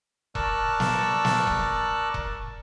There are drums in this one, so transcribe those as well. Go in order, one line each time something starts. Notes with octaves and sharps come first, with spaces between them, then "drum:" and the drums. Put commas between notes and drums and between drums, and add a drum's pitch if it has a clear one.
A#4 D5 A5 C#6 E6 F#6, drum: kick E1
drum: snare
drum: snare
drum: kick E1
drum: kick E1